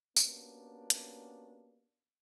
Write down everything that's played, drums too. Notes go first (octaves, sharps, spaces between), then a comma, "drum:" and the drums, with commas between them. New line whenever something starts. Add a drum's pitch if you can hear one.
A#3 B3 C#4 D4 F#4 G4, drum: tambourine
drum: hi-hat